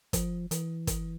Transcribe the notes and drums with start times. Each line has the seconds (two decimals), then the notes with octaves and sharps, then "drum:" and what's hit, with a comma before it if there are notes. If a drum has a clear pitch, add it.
0.13 F3, drum: kick, hi-hat
0.51 E3, drum: hi-hat
0.87 drum: kick, hi-hat